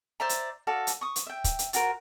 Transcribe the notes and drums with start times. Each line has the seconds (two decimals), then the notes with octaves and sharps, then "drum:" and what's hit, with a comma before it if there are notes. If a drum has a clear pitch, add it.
0.20 C5 D5 E5 A#5
0.29 drum: hi-hat
0.67 F#4 A4 D5 F5
0.87 drum: hi-hat
1.01 C#6 D#6
1.16 drum: hi-hat
1.26 E5 G5
1.44 drum: kick, hi-hat
1.59 drum: hi-hat
1.73 F4 F#4 A#4 C5, drum: hi-hat